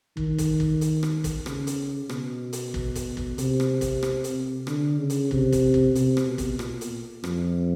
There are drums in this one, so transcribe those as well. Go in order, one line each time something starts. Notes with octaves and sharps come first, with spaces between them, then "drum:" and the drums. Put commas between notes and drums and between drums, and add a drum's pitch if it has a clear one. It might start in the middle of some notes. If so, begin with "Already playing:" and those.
D#3, drum: kick
drum: kick, hi-hat
drum: kick
drum: hi-hat
drum: rim click
drum: kick, hi-hat
C#3, drum: rim click
drum: hi-hat
B2, drum: rim click
drum: hi-hat
drum: kick
drum: kick, hi-hat
drum: kick
C3, drum: hi-hat
drum: rim click
drum: kick, hi-hat
drum: rim click
drum: hi-hat
D3, drum: rim click
C#3
drum: hi-hat
C3, drum: kick
drum: kick, hi-hat
drum: kick
C3, drum: hi-hat
drum: rim click
B2
drum: kick, hi-hat
A#2, drum: rim click
drum: hi-hat
F2, drum: rim click